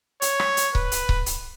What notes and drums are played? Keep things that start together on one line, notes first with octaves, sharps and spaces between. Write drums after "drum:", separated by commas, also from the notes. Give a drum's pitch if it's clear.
C#5, drum: hi-hat
drum: rim click
drum: hi-hat
B4, drum: kick C#1
drum: hi-hat
drum: kick C#1
drum: hi-hat